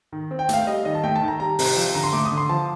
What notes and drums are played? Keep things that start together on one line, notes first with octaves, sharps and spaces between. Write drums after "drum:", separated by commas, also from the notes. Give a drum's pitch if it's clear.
D#3
C4
G5
A3 F5, drum: hi-hat
G3 D#5
D#3 D#5
A5
A3 G5
A5
D#3
A#5
G3 A#5
C3, drum: open hi-hat
F3
D3 A#5
C6
A3 D6
D#6
D3
C6
F3 A5